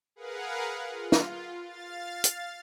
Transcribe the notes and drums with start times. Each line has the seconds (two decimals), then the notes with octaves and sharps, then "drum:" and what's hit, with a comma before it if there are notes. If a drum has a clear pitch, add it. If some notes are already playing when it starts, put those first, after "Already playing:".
0.16 G#4 A#4 B4 F5 F#5
0.88 F4
1.12 drum: snare
1.62 F5 A6
2.24 drum: hi-hat